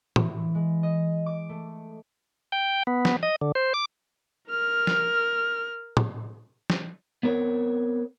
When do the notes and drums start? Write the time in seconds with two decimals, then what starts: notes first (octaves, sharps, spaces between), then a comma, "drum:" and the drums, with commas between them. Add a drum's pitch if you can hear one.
0.16 E3, drum: tom
0.55 G#3
0.83 D#5
1.26 D6
1.49 A3
2.52 G5
2.87 B3
3.05 drum: snare
3.23 D#5
3.41 D3
3.55 C5
3.74 D6
4.49 A#4 F6
4.87 drum: snare
5.97 drum: tom
6.70 drum: snare
7.23 B3 C4 A#4 C#5